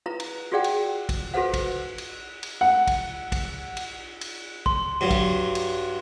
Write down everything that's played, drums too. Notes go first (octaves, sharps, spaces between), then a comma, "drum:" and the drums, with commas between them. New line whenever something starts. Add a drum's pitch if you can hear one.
E4 F4 B4 A#5
drum: cymbal
F4 F#4 G#4 D5 F#5 G5
drum: cymbal
drum: kick, cymbal
F4 F#4 A4 B4 C5 F#5
drum: kick, cymbal
drum: cymbal
drum: cymbal
F#5
drum: kick, cymbal
drum: kick, cymbal
drum: cymbal
drum: cymbal
C6, drum: kick
G2 F#3
drum: kick, cymbal
drum: cymbal